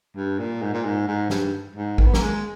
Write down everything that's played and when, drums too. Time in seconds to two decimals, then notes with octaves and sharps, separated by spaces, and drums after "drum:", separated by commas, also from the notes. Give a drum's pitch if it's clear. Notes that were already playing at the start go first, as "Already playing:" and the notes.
0.16 G2
0.39 A#2
0.62 G#2
0.73 A#2
0.85 G#2
1.07 G#2
1.30 G2, drum: snare
1.76 G#2
1.98 D#3, drum: kick
2.07 B3
2.14 A#3, drum: snare
2.21 G#3